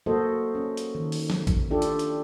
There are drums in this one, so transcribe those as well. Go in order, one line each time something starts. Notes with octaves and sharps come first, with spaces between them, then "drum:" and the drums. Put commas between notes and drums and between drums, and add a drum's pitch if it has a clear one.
A#3 F#4 A4 C5 D#5
C#4
drum: hi-hat
D#3
drum: open hi-hat
drum: snare
drum: kick, hi-hat
D4 F4 G4 A4
drum: hi-hat
drum: hi-hat